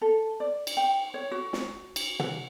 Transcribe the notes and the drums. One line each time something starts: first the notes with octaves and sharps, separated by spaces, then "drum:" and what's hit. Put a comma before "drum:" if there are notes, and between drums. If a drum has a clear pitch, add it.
A4
D5
drum: cymbal
G5
C#5
F#4
drum: snare
drum: cymbal
F#5, drum: tom